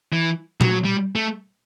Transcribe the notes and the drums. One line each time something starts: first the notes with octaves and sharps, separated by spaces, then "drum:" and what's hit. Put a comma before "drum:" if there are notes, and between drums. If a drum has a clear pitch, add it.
E3
F#3, drum: tom A#2
G3
A3